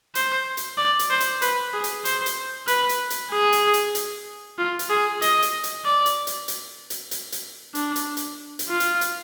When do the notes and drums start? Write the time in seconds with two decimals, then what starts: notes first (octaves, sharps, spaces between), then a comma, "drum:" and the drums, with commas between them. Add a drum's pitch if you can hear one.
0.15 C5, drum: hi-hat
0.57 drum: hi-hat
0.78 D5
0.99 drum: hi-hat
1.10 C5
1.20 drum: hi-hat
1.42 B4, drum: hi-hat
1.74 G#4
1.84 drum: hi-hat
2.05 C5, drum: hi-hat
2.26 drum: hi-hat
2.68 B4, drum: hi-hat
2.89 drum: hi-hat
3.10 drum: hi-hat
3.31 G#4
3.53 drum: hi-hat
3.74 drum: hi-hat
3.95 drum: hi-hat
4.59 F4
4.79 drum: hi-hat
4.90 G#4
5.22 D#5, drum: hi-hat
5.42 drum: hi-hat
5.64 drum: hi-hat
5.85 D5
6.06 drum: hi-hat
6.27 drum: hi-hat
6.48 drum: hi-hat
6.90 drum: hi-hat
7.11 drum: hi-hat
7.32 drum: hi-hat
7.75 D4, drum: hi-hat
7.96 drum: hi-hat
8.17 drum: hi-hat
8.59 drum: hi-hat
8.69 F4
8.80 drum: hi-hat
9.01 drum: hi-hat